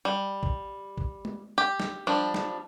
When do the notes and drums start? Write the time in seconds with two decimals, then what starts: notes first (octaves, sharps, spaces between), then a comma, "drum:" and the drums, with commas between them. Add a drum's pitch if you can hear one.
0.05 G3
0.43 drum: kick
0.98 drum: kick
1.25 drum: tom G#3
1.58 G4
1.80 drum: snare
2.07 F3 G3 D4
2.34 drum: snare